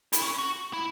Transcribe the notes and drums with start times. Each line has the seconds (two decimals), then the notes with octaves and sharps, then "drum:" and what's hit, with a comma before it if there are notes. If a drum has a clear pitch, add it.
0.13 E4, drum: hi-hat
0.22 C#4
0.38 F#4
0.73 E4